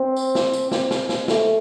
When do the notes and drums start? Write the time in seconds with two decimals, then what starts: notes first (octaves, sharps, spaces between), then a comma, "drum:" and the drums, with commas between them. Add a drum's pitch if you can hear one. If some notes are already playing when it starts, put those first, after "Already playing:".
Already playing: C4
0.16 drum: tambourine
0.35 drum: snare
0.53 drum: tambourine
0.71 C4, drum: snare
0.91 drum: snare
1.09 drum: snare
1.28 A3, drum: snare